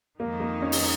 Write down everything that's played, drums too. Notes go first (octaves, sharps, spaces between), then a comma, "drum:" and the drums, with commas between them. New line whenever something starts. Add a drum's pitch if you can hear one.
F2 D#3 G#3 A#3 D#4
A#3
C#4
drum: open hi-hat